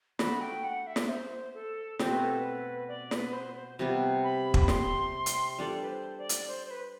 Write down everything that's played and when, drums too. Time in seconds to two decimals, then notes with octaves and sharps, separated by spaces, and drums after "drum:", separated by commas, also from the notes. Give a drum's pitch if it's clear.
0.19 A3 D4 F#4 B5, drum: snare
0.41 G5
0.64 F#5
0.87 E5
0.96 drum: snare
1.09 C5
1.54 A4
1.99 B2 A3 C4 G4 C5, drum: snare
2.12 B4
2.24 A4
2.38 B4
2.88 D5
3.11 B4, drum: snare
3.33 C5
3.56 C5
3.79 C3 G3 B3
4.24 B5
4.54 drum: kick
4.68 C6, drum: snare
5.26 drum: hi-hat
5.58 G3 D4 A4 D5
5.81 B4
5.88 C5
6.18 D5
6.29 drum: hi-hat
6.48 C5
6.67 C5
6.71 B4